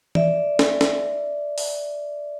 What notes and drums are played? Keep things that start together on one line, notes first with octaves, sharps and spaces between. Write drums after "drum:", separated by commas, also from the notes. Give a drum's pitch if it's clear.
D5 E5, drum: tom E3
drum: snare
drum: snare
drum: open hi-hat